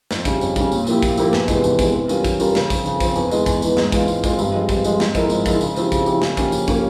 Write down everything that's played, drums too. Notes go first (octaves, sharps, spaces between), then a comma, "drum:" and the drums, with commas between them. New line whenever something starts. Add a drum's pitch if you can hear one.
F2, drum: snare
C#3 G3 C#4, drum: kick, tambourine
F2, drum: tambourine
C#3 G3 C#4, drum: kick, tambourine
A#2, drum: tambourine
F3 A#3 E4 G4, drum: tambourine
A#2, drum: kick, tambourine
F3 A#3 E4 G4, drum: tambourine
E2, drum: snare
C3 E3 G#3, drum: kick, tambourine
E2, drum: tambourine
C3 E3 G#3, drum: kick, tambourine
E3
G3 C#4 F4 A#4, drum: tambourine
E3, drum: kick, tambourine
G3 C#4 F4 A#4, drum: tambourine
C#3, drum: snare
F3 C4, drum: kick, tambourine
C#3, drum: tambourine
F3 C4, drum: kick, tambourine
E2, drum: tambourine
E3 G#3, drum: tambourine
E2, drum: kick, tambourine
E3 G#3, drum: tambourine
G#2, drum: snare
E3 G#3 C4 F4, drum: kick, tambourine
G#2, drum: tambourine
E3 G#3 C4 F4, drum: kick, tambourine
G2, drum: tambourine
F3 G#3 C4
G2, drum: kick, tambourine
F3 G#3 C4, drum: tambourine
G#2, drum: snare
F3 G#3 E4 A#4, drum: kick, tambourine
G#2, drum: tambourine
F3 G#3 E4 A#4, drum: kick, tambourine
C#3, drum: tambourine
F3 C4 E4 G4, drum: tambourine
C#3, drum: kick, tambourine
F3 C4 E4 G4, drum: tambourine
C#3, drum: snare
F3 A#3 C#4 G4, drum: kick, tambourine
C#3, drum: tambourine
F3 A#3 C#4 G4, drum: kick, tambourine